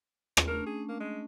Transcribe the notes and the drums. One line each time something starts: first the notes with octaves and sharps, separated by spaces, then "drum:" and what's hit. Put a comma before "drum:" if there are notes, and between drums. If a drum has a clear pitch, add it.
drum: rim click
A3 C#4 D4 A#4
G#4
A#3
G#3